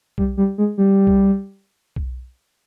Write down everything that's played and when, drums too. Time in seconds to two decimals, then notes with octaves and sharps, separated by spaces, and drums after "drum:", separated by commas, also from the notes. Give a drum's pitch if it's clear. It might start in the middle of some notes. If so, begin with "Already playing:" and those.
0.18 G3, drum: kick B1
0.37 G3
0.58 G#3
0.78 G3
1.07 drum: kick B1
1.96 drum: kick B1